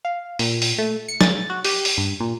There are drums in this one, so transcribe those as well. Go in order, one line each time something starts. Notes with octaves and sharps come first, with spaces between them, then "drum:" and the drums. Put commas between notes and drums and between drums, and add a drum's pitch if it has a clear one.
F5
A#2, drum: open hi-hat
drum: open hi-hat
A3
C#7
A6, drum: snare
F#4
G4, drum: open hi-hat
drum: open hi-hat
G2
A#2